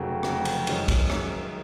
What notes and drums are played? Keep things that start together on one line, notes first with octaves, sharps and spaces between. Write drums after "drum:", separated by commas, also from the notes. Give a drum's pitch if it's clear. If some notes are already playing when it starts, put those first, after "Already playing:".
Already playing: F1 F2 C#3 F#3 A3
F1 F2 C#3 F#3 A3, drum: rim click
drum: cymbal
F#2 D#3 G#3 C#4, drum: cymbal
drum: kick, cymbal
F#2 D#3 G#3 C#4, drum: rim click